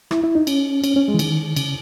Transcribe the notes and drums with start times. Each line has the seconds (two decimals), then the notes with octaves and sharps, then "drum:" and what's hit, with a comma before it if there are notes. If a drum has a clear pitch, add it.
0.11 E4, drum: rim click
0.23 E4
0.35 D#4
0.47 C#4, drum: cymbal
0.84 C#4, drum: cymbal
0.96 C#4
1.08 G#3
1.14 E3
1.19 D#3, drum: cymbal
1.56 C#3, drum: cymbal